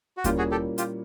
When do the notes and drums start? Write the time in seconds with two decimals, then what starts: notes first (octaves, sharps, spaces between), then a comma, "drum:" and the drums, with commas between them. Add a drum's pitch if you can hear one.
0.17 F#4
0.24 A#2 G3 A#3 C#4 E4 F4 G4, drum: kick D2, hi-hat
0.38 F#4 G#4
0.51 G4 A4
0.78 F4 G4, drum: hi-hat